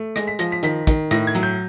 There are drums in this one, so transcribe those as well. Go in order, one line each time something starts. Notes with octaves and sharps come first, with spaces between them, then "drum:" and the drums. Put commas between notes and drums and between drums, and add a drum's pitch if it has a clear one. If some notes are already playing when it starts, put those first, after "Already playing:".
Already playing: A3
G#3 A#6, drum: rim click
B6
F3 A#6, drum: hi-hat
B6
D#3 B6, drum: hi-hat
D#3, drum: kick, hi-hat
A2 A#6, drum: rim click
G#6
F#3, drum: hi-hat
G6